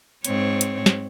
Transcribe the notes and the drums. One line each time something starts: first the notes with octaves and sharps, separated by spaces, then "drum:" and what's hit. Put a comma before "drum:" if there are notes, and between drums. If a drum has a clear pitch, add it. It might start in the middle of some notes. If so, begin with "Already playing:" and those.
G#2 C4 C#5, drum: hi-hat
drum: hi-hat
drum: snare